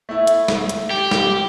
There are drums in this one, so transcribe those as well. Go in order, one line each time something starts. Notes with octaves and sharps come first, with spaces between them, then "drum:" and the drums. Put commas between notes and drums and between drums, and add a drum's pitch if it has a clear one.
A3 E4
drum: hi-hat
drum: snare
drum: hi-hat
G4
drum: snare